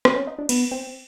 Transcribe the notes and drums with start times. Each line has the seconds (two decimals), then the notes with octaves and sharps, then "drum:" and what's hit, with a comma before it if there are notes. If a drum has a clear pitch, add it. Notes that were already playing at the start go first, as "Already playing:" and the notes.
0.05 C4, drum: rim click
0.16 C#4
0.27 D#4
0.39 D4
0.49 B3, drum: cymbal
0.71 C4